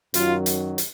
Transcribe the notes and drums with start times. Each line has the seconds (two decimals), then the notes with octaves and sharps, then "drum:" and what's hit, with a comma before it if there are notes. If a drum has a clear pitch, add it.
0.14 F#2 D#3 F#3 F4, drum: hi-hat
0.46 drum: hi-hat
0.78 drum: hi-hat